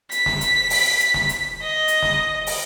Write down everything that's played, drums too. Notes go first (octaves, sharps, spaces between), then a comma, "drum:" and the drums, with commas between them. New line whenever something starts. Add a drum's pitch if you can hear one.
B6, drum: hi-hat
drum: snare
drum: hi-hat
drum: open hi-hat
drum: hi-hat
drum: snare
drum: hi-hat
D#5
drum: hi-hat
drum: snare
drum: open hi-hat